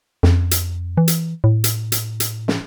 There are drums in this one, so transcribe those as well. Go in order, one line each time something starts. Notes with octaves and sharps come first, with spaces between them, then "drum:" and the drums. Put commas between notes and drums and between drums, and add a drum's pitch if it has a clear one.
F2, drum: snare
drum: hi-hat
E3
drum: hi-hat
A2
drum: hi-hat
drum: hi-hat
drum: hi-hat
drum: snare